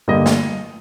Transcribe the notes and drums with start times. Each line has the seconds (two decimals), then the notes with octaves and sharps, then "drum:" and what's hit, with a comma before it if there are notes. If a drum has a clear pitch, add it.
0.08 G2 D3 G3 A#3 D#5
0.26 drum: snare